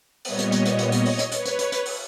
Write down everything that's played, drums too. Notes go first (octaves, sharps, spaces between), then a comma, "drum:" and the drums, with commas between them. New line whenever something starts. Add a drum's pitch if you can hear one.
A#2 G3 B3 C#5 D#5, drum: open hi-hat
drum: hi-hat
drum: hi-hat
drum: hi-hat
drum: hi-hat
drum: hi-hat
drum: open hi-hat
drum: hi-hat
B4 C#5, drum: hi-hat
drum: hi-hat
drum: hi-hat
drum: hi-hat
drum: open hi-hat